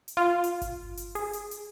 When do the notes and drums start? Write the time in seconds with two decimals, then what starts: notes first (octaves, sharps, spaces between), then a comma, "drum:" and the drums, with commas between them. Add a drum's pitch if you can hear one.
0.08 drum: hi-hat
0.17 F4
0.44 drum: hi-hat
0.62 drum: kick G1, hi-hat
0.97 drum: hi-hat
1.15 G#4, drum: open hi-hat
1.33 drum: hi-hat
1.51 drum: hi-hat